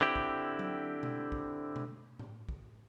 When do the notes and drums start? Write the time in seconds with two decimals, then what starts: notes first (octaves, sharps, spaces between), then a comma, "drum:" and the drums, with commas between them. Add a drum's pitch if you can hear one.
0.01 D3 C4 E4 G4
0.16 drum: kick
0.59 drum: tom F#3
1.03 drum: tom B2
1.32 drum: kick
1.76 drum: tom B2
2.19 drum: tom A2
2.49 drum: kick